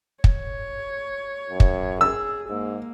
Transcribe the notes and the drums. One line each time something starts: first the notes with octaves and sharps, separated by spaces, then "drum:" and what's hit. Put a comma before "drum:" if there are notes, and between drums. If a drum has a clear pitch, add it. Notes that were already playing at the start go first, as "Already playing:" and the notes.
C#5, drum: kick
F#2
drum: kick
G#4 E6
G#2 A#3